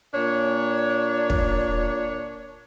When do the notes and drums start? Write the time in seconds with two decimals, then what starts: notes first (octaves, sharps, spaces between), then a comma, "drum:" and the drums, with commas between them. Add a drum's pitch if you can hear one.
0.14 A#2 D4 C#5
1.30 drum: kick